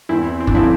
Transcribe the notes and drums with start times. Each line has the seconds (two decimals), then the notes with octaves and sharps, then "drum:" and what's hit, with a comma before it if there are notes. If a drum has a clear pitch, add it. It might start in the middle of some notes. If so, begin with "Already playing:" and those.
0.09 E2 C4 E4
0.40 C4
0.47 D4, drum: kick
0.55 D3 F3 C4 E4